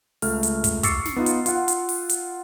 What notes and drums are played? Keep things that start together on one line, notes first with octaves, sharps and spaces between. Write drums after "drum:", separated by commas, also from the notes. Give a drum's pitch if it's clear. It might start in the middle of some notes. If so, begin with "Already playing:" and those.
C#2 A3 F6, drum: open hi-hat
drum: hi-hat
drum: kick, hi-hat
C#6 D6 E6 A6 C7 C#7, drum: kick, hi-hat
drum: snare
B3 D#4 F4
drum: hi-hat
F4 F5 F#5, drum: hi-hat
drum: hi-hat
drum: open hi-hat
drum: hi-hat